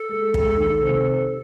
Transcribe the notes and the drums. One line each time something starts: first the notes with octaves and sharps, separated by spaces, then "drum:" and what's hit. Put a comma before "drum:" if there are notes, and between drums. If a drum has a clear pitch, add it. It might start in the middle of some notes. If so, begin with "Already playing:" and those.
Already playing: A4
G#3
G#3, drum: kick
D#3
C3